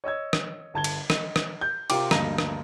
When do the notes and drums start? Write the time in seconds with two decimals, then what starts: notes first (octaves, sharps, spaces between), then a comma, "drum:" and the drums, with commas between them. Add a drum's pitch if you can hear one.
0.04 C#5 D#5 E6 G#6
0.33 drum: rim click
0.74 G1 A5 G#6 G7
0.84 drum: cymbal
1.10 D#5, drum: rim click
1.36 drum: rim click
1.61 G6
1.90 C3 F4 A#4 G5 D6, drum: cymbal
2.11 D2 G2 A#3 D#5 A#5 A#6, drum: rim click
2.38 drum: rim click